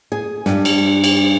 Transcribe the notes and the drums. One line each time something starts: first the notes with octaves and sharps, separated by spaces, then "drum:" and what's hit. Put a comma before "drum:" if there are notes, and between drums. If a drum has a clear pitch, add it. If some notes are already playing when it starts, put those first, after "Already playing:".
G#4
G2, drum: snare
drum: cymbal
drum: cymbal